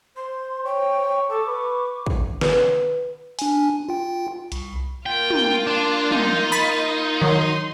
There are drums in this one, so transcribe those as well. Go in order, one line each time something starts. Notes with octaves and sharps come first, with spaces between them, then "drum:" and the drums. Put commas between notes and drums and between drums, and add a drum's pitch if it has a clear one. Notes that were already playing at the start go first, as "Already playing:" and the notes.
C5 C6
C#5 G5
C#6
A4 D6
B4
drum: kick
B4, drum: snare
D4 G#5, drum: open hi-hat
F4 G5
C2, drum: hi-hat
A#3 F4 G5
drum: tom
D4
D#4, drum: tom
B5 A6 B6
D#3 F#3 C6